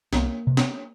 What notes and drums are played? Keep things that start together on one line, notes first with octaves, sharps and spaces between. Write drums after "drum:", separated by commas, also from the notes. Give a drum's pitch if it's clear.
C2 A#3, drum: snare
C3
drum: snare